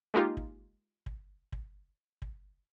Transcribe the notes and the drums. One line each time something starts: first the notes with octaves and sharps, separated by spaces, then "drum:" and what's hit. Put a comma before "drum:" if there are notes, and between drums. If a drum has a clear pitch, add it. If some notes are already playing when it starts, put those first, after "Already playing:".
G#3 A#3 D#4 F4 G4
drum: kick
drum: kick
drum: kick
drum: kick